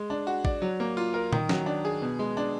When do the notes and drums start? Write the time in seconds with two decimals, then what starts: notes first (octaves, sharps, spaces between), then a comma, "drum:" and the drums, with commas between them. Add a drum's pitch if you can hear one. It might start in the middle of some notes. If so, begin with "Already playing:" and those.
Already playing: G#3
0.10 D4
0.27 F#4
0.45 D5, drum: kick A1
0.62 F#3
0.80 A#3
0.97 F4
1.14 A#4
1.33 D#3, drum: tom A#2
1.49 F#3, drum: snare
1.66 D4
1.85 G#4
2.02 B2
2.19 G#3
2.37 D4